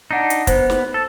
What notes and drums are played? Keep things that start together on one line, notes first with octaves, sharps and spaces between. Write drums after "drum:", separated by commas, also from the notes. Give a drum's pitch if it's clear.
D4 D#4 F#5 A#6
drum: hi-hat
B3 C5, drum: kick, hi-hat
drum: snare
A4 A6